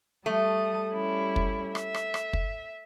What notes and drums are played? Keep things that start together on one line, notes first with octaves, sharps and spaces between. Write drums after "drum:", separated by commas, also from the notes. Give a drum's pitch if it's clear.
G3 A3 A5 D#6
G3 C#4 E4
drum: kick
E5, drum: rim click
drum: rim click
drum: rim click
drum: kick